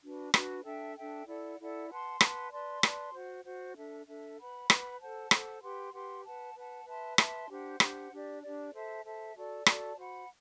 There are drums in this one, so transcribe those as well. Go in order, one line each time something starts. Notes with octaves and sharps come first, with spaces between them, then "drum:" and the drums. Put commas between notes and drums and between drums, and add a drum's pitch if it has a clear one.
D4 F#4 B4
D4 F#4 B4, drum: rim click
D4 A4 E5 G5
D4 A4 E5 G5
E4 A4 D5 F#5
E4 A4 D5 F#5
B4 F#5 A5 C6
B4 F#5 A5 C6, drum: rim click
B4 D5 A5 C6
B4 D5 A5 C6, drum: rim click
F#4 C5 F#5
F#4 C5 F#5
D4 A4 E5
D4 A4 E5
B4 F#5 B5
B4 F#5 B5, drum: rim click
A4 C5 F#5 A5
A4 C5 F#5 A5, drum: rim click
G4 B4 F#5 C6
G4 B4 F#5 C6
B4 F#5 A5
B4 F#5 A5
B4 E5 A5 C6
B4 E5 A5 C6, drum: rim click
D4 G4 C5 F#5
D4 G4 C5 F#5, drum: rim click
D4 G4 D5
D4 G4 D5
A4 C5 E5 A5
A4 C5 E5 A5
F#4 A4 D5 A5
F#4 A4 D5 A5, drum: rim click
F#4 C5 F#5 B5